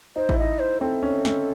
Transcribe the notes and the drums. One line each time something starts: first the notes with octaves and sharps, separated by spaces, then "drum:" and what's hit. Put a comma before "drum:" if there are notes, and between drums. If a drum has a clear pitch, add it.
D#4 C5
E4, drum: kick A1
D#4 D#5
C5
C4 A4
C#4
C#4, drum: snare